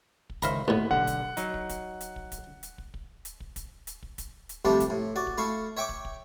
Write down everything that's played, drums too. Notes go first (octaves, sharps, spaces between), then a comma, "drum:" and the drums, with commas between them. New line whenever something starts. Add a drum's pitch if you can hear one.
drum: kick
C#2 D#3 C5 E5 F5 A#5 B5, drum: kick, hi-hat
D#2 A2 B3
B1 D3 F#5, drum: kick
drum: kick, hi-hat
F#3 D#4, drum: hi-hat
drum: kick
drum: kick, hi-hat
drum: hi-hat
drum: kick
drum: kick, hi-hat
drum: hi-hat
drum: kick
drum: kick
drum: hi-hat
drum: kick
drum: kick, hi-hat
drum: hi-hat
drum: kick
drum: kick, hi-hat
drum: hi-hat
C3 F3 G3 A3 D4 G4, drum: kick
drum: kick, hi-hat
A2
F#4 D5
drum: kick
A3 E4 F5 C#6
C#5 E5 G5 C#6 D6
drum: kick
drum: kick